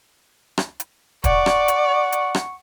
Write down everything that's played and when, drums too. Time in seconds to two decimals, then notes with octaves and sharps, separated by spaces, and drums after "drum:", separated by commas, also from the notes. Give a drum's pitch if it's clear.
0.58 drum: rim click
0.80 drum: hi-hat
1.24 D5 F#5 C#6, drum: kick, hi-hat
1.46 drum: rim click
1.68 drum: hi-hat
2.12 drum: hi-hat
2.35 drum: rim click